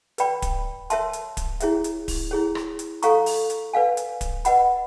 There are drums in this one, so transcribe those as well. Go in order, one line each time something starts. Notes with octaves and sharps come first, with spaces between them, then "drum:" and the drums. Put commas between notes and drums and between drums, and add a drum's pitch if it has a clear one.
B4 D5 G5 B5, drum: hi-hat
drum: kick D1, hi-hat
A#4 C#5 E5 A5 C6, drum: hi-hat
drum: hi-hat
drum: kick D1, hi-hat
E4 G#4 C#5 E5, drum: hi-hat
drum: hi-hat
drum: kick D1, open hi-hat
E4 G#4 C#5
drum: rim click
drum: hi-hat
A4 C#5 F5 A#5 C#6, drum: hi-hat
drum: open hi-hat
drum: hi-hat
B4 D5 F5 G#5
drum: hi-hat
drum: kick D1, hi-hat
B4 D#5 F#5 B5, drum: hi-hat